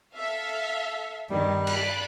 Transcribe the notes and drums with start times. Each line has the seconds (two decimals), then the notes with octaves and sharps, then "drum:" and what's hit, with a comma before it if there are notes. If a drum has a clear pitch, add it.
0.15 A4 E5 F5
1.30 E2 G2 D#3 G3
1.67 D5 B5 F#6, drum: cymbal